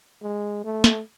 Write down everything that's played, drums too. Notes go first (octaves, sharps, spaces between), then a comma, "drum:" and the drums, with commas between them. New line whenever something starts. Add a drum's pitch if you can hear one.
G#3
A3
drum: snare